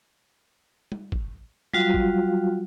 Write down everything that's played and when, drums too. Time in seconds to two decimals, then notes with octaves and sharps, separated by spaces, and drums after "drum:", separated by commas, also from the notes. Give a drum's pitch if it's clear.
0.92 drum: tom G3
1.12 drum: kick
1.74 F#3 G3 F4 F#4 F5, drum: tom G3
1.94 drum: kick